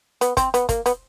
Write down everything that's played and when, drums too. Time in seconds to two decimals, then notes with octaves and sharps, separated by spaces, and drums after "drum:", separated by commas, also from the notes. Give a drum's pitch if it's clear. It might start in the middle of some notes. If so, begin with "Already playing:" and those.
0.21 B3, drum: hi-hat
0.37 C4, drum: kick, hi-hat
0.54 B3, drum: hi-hat
0.69 A#3, drum: kick, hi-hat
0.86 B3, drum: hi-hat